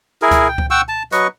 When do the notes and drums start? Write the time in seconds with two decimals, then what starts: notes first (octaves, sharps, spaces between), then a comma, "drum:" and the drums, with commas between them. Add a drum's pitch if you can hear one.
0.22 E4 G#4 A#4
0.31 drum: kick C#2, hi-hat
0.48 G5
0.58 drum: kick C#2
0.70 F#5 G5 C#6 E6
0.89 A5
1.12 F#3 B4 D#5 C#6, drum: hi-hat